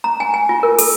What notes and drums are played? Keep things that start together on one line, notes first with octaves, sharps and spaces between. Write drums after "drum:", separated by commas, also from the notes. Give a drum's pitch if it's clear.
A#5
G#5
G#5
F4
A#4
A4, drum: open hi-hat